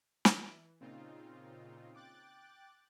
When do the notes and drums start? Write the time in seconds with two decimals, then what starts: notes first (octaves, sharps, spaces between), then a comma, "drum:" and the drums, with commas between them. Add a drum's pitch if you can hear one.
0.25 E3, drum: snare
0.80 A#2 C#3 C4 D#4 F4
1.94 G5 D6 F#6 A6